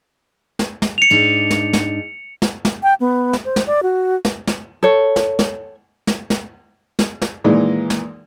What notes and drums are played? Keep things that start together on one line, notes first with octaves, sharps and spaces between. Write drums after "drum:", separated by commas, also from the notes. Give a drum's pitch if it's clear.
drum: snare
drum: snare
C#7 F7
G#2 D4 D#4 F7
drum: snare
drum: snare
drum: snare
drum: snare
G5
B3
drum: snare
C5
drum: snare
D5
F#4
drum: snare
drum: snare
A4 C#5
drum: snare
drum: snare
drum: snare
drum: snare
drum: snare
drum: snare
A#2 D#3 E3 G#3 A#3
drum: snare